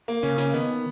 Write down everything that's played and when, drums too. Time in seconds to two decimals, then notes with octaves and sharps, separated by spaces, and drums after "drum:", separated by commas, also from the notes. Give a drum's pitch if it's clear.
0.08 A#3
0.23 C#3 C#4
0.38 C#4, drum: hi-hat
0.54 D#3 B3